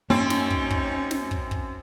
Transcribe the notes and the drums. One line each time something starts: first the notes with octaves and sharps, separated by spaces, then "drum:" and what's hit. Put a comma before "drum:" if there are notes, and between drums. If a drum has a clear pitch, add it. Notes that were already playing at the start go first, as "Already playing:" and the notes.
F#2 A#3 C4 C#4 D#4
drum: snare
drum: kick
drum: kick
drum: snare
drum: kick
drum: kick